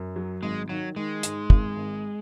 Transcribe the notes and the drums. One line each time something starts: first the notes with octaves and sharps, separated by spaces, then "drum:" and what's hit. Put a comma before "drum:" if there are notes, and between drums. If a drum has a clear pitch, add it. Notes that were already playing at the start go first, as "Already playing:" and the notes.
Already playing: F#2
F#3
G#1 G#3
D#3 F#3
D#3 G#3
G#2, drum: hi-hat
G#1, drum: kick
G#1